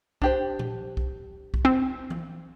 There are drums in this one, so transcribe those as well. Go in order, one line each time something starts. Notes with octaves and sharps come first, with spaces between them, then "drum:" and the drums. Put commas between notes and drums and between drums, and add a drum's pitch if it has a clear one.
D4 G4 C5, drum: kick B1
drum: tom A#2
drum: kick B1
drum: kick B1
C4
drum: tom E3